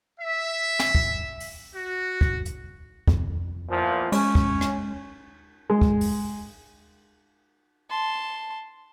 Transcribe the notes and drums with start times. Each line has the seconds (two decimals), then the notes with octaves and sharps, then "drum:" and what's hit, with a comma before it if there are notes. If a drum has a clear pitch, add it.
0.20 E5
0.79 drum: snare
0.95 drum: kick
1.40 drum: open hi-hat
1.75 F#4
2.21 drum: kick
2.46 drum: hi-hat
3.08 F2, drum: kick
3.69 E2 A#2 F3
4.12 G#3 C#4, drum: cymbal
4.35 drum: kick
4.61 drum: rim click
5.70 G#3
5.81 drum: kick
6.01 drum: open hi-hat
7.90 A5 C6